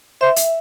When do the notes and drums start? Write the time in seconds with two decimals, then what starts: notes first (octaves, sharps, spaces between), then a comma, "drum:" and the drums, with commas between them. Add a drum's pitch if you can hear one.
0.21 C5 E5
0.36 drum: hi-hat